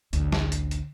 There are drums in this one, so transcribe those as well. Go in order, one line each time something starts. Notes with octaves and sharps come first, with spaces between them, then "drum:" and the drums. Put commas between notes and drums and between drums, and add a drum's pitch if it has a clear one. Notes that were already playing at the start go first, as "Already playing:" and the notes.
A1 D2, drum: hi-hat
drum: snare
drum: hi-hat
drum: hi-hat